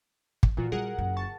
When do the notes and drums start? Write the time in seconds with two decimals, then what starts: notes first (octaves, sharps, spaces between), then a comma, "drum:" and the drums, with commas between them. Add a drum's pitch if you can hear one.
0.43 drum: kick
0.57 A#2 E3 F4 F#4
0.72 G3 G#4 A#4 F#5
0.98 F#1 C#3
1.17 A5 C#6 A6